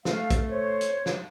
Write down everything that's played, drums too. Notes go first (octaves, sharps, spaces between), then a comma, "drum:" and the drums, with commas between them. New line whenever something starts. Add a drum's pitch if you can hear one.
A3 F5, drum: snare
drum: kick, hi-hat
C5 C#5
drum: hi-hat
drum: snare